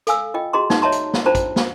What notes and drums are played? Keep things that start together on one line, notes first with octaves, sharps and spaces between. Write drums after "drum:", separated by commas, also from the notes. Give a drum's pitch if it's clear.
A4 F5 G#5 E6, drum: hi-hat
F4 D#5 G5
F#4 G#4 D#5 A#5 C6
D#4, drum: snare
C#5 D#5 E5 A5 A#5 C6
drum: hi-hat
drum: snare
D4 F4 C5 A5 A#5
drum: kick, hi-hat
drum: snare